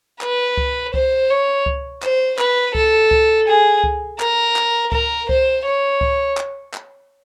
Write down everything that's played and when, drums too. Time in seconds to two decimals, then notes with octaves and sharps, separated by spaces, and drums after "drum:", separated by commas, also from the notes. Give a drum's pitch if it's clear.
0.21 B4, drum: clap
0.57 drum: kick C#2
0.94 C5, drum: kick C#2
1.30 C#5
1.66 drum: kick C#2
2.02 C5, drum: clap
2.39 B4, drum: clap
2.75 A4, drum: kick C#2
3.11 drum: kick C#2
3.47 G#4
3.84 drum: kick C#2
4.20 A#4, drum: clap
4.56 drum: clap
4.92 A#4, drum: kick C#2
5.29 C5, drum: kick C#2
5.65 C#5
6.01 drum: kick C#2
6.37 drum: clap
6.74 drum: clap